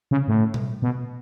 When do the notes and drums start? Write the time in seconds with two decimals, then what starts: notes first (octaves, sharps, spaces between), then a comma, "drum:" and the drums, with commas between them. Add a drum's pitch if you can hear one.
0.11 C#3
0.28 A2
0.54 drum: tom B2
0.82 B2